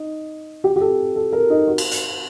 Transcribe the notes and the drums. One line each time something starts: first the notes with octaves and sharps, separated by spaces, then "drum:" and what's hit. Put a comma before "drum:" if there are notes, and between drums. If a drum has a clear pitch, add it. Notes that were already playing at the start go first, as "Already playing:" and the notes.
Already playing: D#4
G4
G4
A4
A4
A#4
D#4
F#4
drum: cymbal
drum: hi-hat